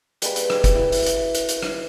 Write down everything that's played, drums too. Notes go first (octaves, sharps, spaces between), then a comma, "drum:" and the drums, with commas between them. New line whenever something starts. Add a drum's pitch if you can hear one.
G3 G#3 A#3 B4, drum: hi-hat
drum: hi-hat
drum: rim click
drum: kick, hi-hat
E4 F#4 B4
drum: open hi-hat
drum: hi-hat
drum: hi-hat
drum: hi-hat
drum: rim click